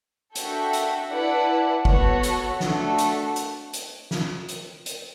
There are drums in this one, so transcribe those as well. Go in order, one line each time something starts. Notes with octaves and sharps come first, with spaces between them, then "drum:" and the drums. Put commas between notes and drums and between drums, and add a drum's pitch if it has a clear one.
D4 F#4 A4 E5 G5, drum: hi-hat
drum: hi-hat
E4 B4 D5 F#5 A5
B3 F#4 A4 C#5, drum: kick
drum: hi-hat
A3 D4 F#4 A4, drum: snare
drum: hi-hat
drum: hi-hat
drum: hi-hat
drum: snare
drum: hi-hat
drum: hi-hat